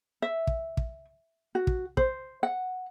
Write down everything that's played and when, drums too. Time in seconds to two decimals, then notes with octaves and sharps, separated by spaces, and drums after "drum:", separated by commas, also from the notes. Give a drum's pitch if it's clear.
0.22 E5
0.47 drum: kick
0.77 drum: kick
1.55 F#4
1.67 drum: kick
1.97 C5, drum: kick
2.43 F#5